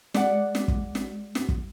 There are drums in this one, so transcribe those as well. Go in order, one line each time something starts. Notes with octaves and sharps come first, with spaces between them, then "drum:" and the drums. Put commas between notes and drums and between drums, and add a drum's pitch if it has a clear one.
G#3 D5 F#5, drum: snare
drum: snare
drum: kick
drum: snare
drum: snare
drum: kick